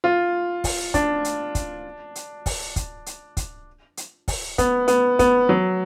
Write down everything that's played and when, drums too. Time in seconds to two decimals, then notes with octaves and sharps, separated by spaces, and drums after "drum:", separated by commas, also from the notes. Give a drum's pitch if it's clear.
0.04 F4
0.64 drum: kick, open hi-hat
0.94 D4, drum: kick, hi-hat
1.25 drum: hi-hat
1.55 drum: kick, hi-hat
2.15 drum: hi-hat
2.46 drum: kick, open hi-hat
2.76 drum: kick, hi-hat
3.06 drum: hi-hat
3.37 drum: kick, hi-hat
3.97 drum: hi-hat
4.28 drum: kick, open hi-hat
4.58 B3, drum: kick, hi-hat
4.88 B3, drum: hi-hat
5.19 B3, drum: kick, hi-hat
5.49 F#3